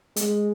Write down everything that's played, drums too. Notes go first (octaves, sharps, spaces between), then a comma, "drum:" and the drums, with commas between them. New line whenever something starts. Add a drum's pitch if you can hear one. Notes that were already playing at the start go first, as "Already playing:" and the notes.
G#3, drum: hi-hat